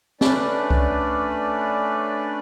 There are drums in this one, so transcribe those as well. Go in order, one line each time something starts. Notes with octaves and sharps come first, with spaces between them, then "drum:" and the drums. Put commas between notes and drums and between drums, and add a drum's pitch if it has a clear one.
A3 C#4 D4 B4 D5, drum: snare C4
drum: kick C2